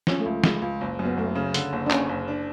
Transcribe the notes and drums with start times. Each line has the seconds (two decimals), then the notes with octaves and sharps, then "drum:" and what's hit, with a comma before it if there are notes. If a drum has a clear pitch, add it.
0.07 F3 C#4, drum: snare
0.20 A3
0.26 C#2
0.44 C#2 G#3, drum: snare
0.62 C#2
0.81 F#1
0.99 F#2
1.05 B3
1.17 F#1 A3
1.35 C#3
1.54 D3, drum: hi-hat
1.73 F#1
1.86 D4
1.91 F#1 C#4, drum: clap
2.09 F#1
2.28 D4